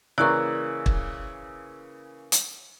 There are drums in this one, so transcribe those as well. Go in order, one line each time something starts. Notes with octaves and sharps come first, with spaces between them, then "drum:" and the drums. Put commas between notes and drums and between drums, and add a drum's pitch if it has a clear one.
C#3 E3 A#3 D5 A#5 C#6 E6 F#6
drum: kick
drum: hi-hat